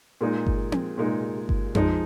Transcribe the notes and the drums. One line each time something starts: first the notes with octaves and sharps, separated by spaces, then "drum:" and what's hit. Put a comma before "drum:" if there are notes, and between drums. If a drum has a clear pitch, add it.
A#2 G#3 D#4
drum: kick G1
drum: tom C4
A#2 G#3 D#4
drum: kick G1
F3 G#3 D#4, drum: tom F2